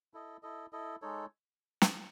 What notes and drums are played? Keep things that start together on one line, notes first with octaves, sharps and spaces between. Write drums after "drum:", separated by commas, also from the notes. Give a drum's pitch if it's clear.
E4 A4 D#5
E4 A4 D#5
E4 A4 D#5
G#3 D#4 A4 C#5
drum: snare